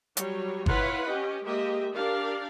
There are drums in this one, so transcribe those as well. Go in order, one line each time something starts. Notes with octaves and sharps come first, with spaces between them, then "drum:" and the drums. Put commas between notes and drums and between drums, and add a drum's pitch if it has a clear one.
F#3 G3 C#5, drum: hi-hat
E4 F4 B4 C#5 F#5 B5, drum: kick G1
C#4 G4 D#5
G#3 A#3 G4 D#5 E5
D4 G4 A#4 D5 F5